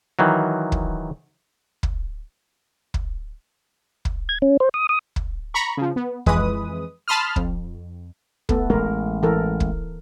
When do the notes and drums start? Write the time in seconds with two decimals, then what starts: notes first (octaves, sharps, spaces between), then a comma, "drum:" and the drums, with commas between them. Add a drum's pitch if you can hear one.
0.19 D#3 E3 F#3
0.72 drum: kick
1.83 drum: kick
2.94 drum: kick
4.05 drum: kick
4.29 G#6
4.42 C#4
4.60 C5
4.74 D#6
4.89 D#6
5.16 drum: kick
5.54 A#5 B5 C#6
5.77 C#3 F3
5.96 B3
6.26 F2 E3 G#3 B4 D#6, drum: kick
7.08 A5 B5 C6 D#6 F6
7.36 F2, drum: kick
8.49 A3 B3 A4, drum: kick
8.70 A1 G#3 A#4
9.23 E3 A4 A#4
9.60 drum: kick